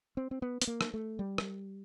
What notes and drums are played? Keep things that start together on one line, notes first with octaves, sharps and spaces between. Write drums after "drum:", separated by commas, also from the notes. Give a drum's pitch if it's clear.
C4
C4
B3
B3, drum: hi-hat
A#3
drum: rim click
A3
G3
drum: rim click